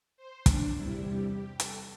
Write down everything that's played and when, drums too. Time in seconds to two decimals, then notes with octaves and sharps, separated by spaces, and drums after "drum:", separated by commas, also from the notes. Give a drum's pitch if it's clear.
0.17 C5
0.46 D4, drum: kick, hi-hat
0.74 E2 C3 G3 E4
1.03 G4
1.32 G4
1.60 A4, drum: hi-hat